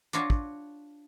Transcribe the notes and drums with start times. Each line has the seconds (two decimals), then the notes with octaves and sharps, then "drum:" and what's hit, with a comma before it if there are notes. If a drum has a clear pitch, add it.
0.13 D4 F4 F#4 C#5, drum: hi-hat
0.30 drum: kick